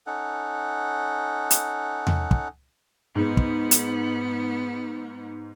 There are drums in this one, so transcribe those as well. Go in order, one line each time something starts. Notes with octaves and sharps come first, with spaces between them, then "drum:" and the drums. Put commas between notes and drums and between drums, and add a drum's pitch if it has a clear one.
C#4 D#4 A4 F#5
drum: hi-hat
drum: tom E2
drum: kick
G#2 B3
drum: kick
drum: hi-hat